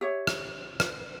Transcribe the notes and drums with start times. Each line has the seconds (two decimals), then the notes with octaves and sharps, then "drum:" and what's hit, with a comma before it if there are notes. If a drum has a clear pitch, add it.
0.01 G4 C#5 E5
0.27 drum: rim click
0.80 drum: rim click